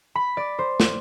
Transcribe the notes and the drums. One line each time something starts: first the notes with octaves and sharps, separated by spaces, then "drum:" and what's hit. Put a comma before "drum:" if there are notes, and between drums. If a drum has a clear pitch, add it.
B5
D5
C5
drum: snare